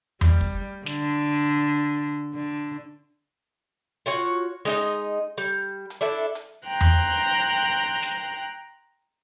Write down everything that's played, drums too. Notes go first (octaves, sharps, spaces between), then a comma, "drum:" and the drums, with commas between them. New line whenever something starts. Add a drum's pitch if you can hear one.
G3, drum: tom E2
drum: kick
D3, drum: snare
D3
F4 F#4 C#5
G#3 D#4 D#5, drum: open hi-hat
G3
drum: hi-hat
D4 E4 A4
drum: hi-hat
G5 A#5 C6 F#6
drum: tom E2
drum: snare